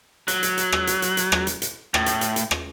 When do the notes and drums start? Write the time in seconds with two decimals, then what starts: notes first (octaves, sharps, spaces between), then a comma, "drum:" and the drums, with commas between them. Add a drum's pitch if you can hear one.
0.28 F#3, drum: hi-hat
0.43 drum: hi-hat
0.58 drum: hi-hat
0.72 drum: rim click
0.87 drum: hi-hat
1.02 drum: hi-hat
1.17 drum: hi-hat
1.32 drum: rim click
1.47 drum: hi-hat
1.62 drum: hi-hat
1.94 A2, drum: rim click
2.06 drum: hi-hat
2.21 drum: hi-hat
2.36 drum: hi-hat
2.51 drum: rim click